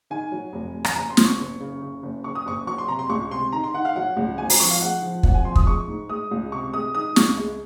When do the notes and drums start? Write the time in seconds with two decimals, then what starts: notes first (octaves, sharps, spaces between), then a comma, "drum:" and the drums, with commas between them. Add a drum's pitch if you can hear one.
0.10 D#3 G#5
0.32 F#3
0.53 F1
0.74 F1
0.85 G#5, drum: rim click
0.96 F#1 A#5
1.10 C6
1.17 F#1, drum: snare
1.25 C#6
1.39 F#1
1.60 C#3
1.82 C#3
2.03 F#1
2.24 F#1 C#6
2.35 D#6
2.46 F#1 C#6
2.67 F#3 C#6
2.78 C6
2.88 C3 A#5
2.99 C6
3.10 C#2 C#6
3.31 C3 C6
3.52 D#3 A#5
3.64 C6
3.74 D#3 F#5
3.85 F5
3.96 F#3 F#5
4.17 C#2
4.38 G#1 G#5
4.50 A#5, drum: open hi-hat
4.60 F3 C#6
4.71 F5
4.81 G#3 F#5
5.02 F3
5.23 G#1 F#5, drum: kick
5.34 G#5
5.45 F3 C6
5.56 D#6, drum: kick
5.66 G#3 C#6
5.88 G#2
6.09 G#3 D#6
6.31 C#2
6.52 C3 C#6
6.73 G#3 D#6
6.95 D#3 D#6
7.16 C#2 C#6, drum: snare
7.37 G#3